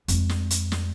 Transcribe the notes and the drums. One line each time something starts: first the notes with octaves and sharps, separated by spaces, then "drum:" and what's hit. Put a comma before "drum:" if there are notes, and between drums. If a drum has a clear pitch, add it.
F2 G#3, drum: hi-hat
drum: snare
drum: hi-hat
drum: snare